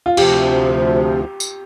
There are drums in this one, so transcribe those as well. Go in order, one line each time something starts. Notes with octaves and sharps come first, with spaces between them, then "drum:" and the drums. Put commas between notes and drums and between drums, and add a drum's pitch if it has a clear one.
F4
D2 C3 F3 G4, drum: cymbal
drum: tambourine